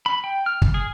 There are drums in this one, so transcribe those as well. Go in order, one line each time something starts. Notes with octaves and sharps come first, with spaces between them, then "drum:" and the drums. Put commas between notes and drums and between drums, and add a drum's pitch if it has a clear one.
B5
G5
F6
drum: kick
G#4